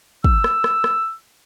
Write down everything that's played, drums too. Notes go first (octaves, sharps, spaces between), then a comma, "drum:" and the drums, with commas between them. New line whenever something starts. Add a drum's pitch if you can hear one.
E6, drum: kick
drum: rim click
drum: rim click
drum: rim click